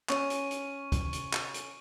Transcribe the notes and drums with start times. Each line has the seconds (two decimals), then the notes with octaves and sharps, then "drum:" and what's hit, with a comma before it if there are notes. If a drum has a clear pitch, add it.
0.09 C#4 C#6, drum: clap
0.30 drum: hi-hat
0.51 drum: hi-hat
0.92 drum: kick, hi-hat
1.13 drum: hi-hat
1.33 drum: clap
1.54 drum: hi-hat